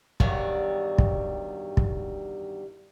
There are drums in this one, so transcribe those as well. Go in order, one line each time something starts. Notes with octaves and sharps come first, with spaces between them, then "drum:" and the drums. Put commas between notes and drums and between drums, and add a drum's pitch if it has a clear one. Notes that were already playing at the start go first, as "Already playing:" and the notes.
E2 G2 D#3 F#3 G3 F#5, drum: kick
drum: kick
drum: kick